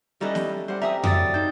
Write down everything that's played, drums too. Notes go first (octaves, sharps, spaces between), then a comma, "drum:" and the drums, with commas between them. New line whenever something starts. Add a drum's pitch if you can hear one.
G3 C#4 D#4 E4 A4 B4 D#5
drum: snare
G3 C5 F#5
C4 G4 E5 G#5 A#5 D#6
F#3 G3 E4 A4 D5 D#6 E6 A6, drum: tom F2
D#4 A4 G6